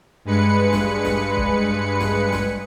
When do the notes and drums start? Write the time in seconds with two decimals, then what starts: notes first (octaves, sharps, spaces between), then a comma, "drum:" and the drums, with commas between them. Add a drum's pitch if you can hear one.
0.25 G2 G#3 B4 C#7
0.73 drum: snare
1.05 drum: snare
1.37 drum: kick
2.01 drum: snare
2.33 drum: snare